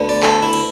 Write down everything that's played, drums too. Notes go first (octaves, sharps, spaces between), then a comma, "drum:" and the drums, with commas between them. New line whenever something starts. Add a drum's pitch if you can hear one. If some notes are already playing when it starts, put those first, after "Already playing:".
Already playing: D2 D3 B3
D5
A4, drum: clap
E4
drum: cymbal